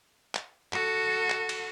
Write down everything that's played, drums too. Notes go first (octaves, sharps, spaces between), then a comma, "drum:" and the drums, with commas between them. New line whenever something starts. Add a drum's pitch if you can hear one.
drum: clap
F#4 A4, drum: clap
drum: clap
drum: cymbal